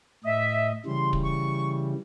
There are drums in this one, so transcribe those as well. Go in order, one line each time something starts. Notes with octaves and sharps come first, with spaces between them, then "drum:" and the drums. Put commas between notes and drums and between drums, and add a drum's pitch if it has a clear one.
A2 D#5 E5
C#3 E3 G3 C6
drum: kick
C#6